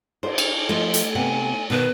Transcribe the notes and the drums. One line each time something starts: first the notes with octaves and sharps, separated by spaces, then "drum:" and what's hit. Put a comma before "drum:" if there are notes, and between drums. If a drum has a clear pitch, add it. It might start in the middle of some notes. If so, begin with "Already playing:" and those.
C5, drum: cymbal
drum: cymbal
F3 A3 E4 A4 D#5
drum: hi-hat
C3 B3 F#5 G#5
B2 D#3 B3 B4